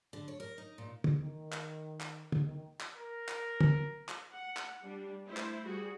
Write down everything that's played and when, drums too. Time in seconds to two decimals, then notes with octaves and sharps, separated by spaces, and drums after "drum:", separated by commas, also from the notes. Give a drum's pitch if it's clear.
0.13 D3
0.28 C#5
0.40 A#4
0.58 D#4
0.78 A#2
1.04 drum: tom
1.20 D#3
1.52 drum: clap
2.00 drum: clap
2.32 drum: tom
2.44 D#3
2.80 drum: clap
2.96 A#4
3.29 drum: clap
3.61 drum: tom
4.09 drum: clap
4.32 F#5
4.57 drum: clap
4.83 G3 D4
5.26 A3 E4 C5
5.37 drum: clap
5.65 G3 F#4 G#4